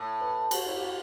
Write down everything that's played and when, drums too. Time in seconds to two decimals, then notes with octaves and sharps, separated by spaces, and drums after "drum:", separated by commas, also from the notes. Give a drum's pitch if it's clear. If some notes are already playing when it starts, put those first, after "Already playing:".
Already playing: A2
0.21 B4
0.51 F#4, drum: cymbal
0.66 E4
0.76 G4
0.81 F#4